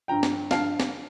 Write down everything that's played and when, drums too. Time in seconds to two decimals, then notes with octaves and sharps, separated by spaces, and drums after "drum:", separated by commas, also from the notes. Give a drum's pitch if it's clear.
0.08 G2 D3 F3 G5 A#5
0.23 drum: snare
0.51 G2 D3 F3 F5 A5, drum: snare
0.80 drum: snare